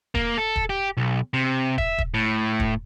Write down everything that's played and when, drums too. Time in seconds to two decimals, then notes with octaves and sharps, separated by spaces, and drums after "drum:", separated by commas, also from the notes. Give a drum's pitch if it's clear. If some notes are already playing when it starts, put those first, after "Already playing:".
0.15 A#3, drum: kick
0.38 A4
0.56 drum: kick
0.70 G4
0.97 B1
1.34 C3
1.78 E5, drum: kick
1.98 drum: kick
2.14 A2
2.60 drum: kick